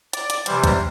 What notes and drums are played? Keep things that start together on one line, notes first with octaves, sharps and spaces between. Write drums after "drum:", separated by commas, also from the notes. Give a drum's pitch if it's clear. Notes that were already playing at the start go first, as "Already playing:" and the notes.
D5, drum: hi-hat
drum: hi-hat
C3 E3 G3 C5, drum: hi-hat
drum: kick, hi-hat